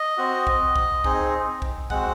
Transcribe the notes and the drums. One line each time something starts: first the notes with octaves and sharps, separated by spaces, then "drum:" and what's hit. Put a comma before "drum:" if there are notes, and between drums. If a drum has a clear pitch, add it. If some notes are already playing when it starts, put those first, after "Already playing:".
Already playing: D#5
C4 F#4
drum: kick
drum: kick
C4 D#4 G#4, drum: kick
drum: kick
G#3 C4 F#4 F#5, drum: kick